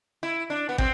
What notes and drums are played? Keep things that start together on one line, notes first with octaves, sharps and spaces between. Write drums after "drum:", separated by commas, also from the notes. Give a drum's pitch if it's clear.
E4
D4
B3
C4, drum: kick